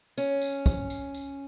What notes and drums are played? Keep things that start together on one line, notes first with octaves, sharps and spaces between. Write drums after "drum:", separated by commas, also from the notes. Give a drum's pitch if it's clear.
C#4, drum: tambourine
drum: tambourine
drum: kick, tambourine
drum: tambourine
drum: tambourine